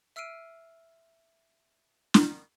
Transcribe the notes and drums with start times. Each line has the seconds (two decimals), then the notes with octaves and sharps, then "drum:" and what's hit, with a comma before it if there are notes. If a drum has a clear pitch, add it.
0.16 E5 E6 F6 C7 D7 D#7
2.14 drum: snare